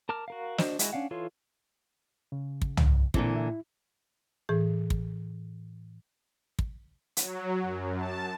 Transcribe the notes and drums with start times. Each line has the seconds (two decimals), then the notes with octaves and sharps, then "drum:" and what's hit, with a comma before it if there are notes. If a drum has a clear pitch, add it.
0.09 A#4 A5 D6 F6
0.28 F#4 A#4 F5
0.58 D4 F#4 C5 D#5, drum: snare
0.79 G#3 E4 F#4, drum: hi-hat
0.93 C#4 D4 F5 F#5
1.11 E3 F4 A4 C#5 C6
2.32 C#3
2.62 drum: kick
2.77 drum: tom
3.14 A#2 D3 E3 C4, drum: kick
3.36 E4
4.49 A2 E3 G#4
4.90 drum: kick
6.59 drum: kick
7.17 F#3, drum: hi-hat
7.61 F#2
7.97 A5